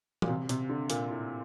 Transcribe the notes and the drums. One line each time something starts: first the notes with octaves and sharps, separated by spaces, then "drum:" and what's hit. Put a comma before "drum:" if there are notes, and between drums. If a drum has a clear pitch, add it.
A#2, drum: tom E3
C3
C3, drum: hi-hat
D3
A#2, drum: hi-hat
A2